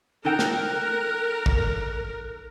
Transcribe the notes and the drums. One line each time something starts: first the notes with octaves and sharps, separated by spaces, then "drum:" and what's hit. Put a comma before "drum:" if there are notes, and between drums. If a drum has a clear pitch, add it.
D#4 A4 A#4 G5 F#6
drum: snare
drum: kick